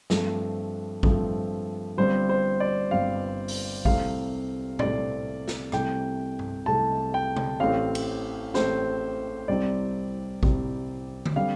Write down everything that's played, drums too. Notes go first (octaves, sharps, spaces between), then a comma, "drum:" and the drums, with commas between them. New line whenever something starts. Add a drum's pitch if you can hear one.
G2 F3 A3 C4, drum: snare
G2 F3 A3 C4, drum: kick G#1
G1 G2 G3 C4 C5
C5
D5
G1 G2 G3 C4 F5
drum: open hi-hat
C2 C3 A3 C4 F5, drum: kick G#1
C2 C3 A3 C4 D5, drum: tom A#2
drum: snare
C2 C3 A3 G5, drum: rim click
drum: tom G2
C2 C3 A3 A5
G5
drum: tom C3
A1 A2 A3 C4 F5
drum: cymbal
A1 A2 A3 C4 C5, drum: snare
C2 C3 G3 C4 D5
C2 C3 G3 C4, drum: kick G#1
drum: tom D3
D3 G3 C4 F5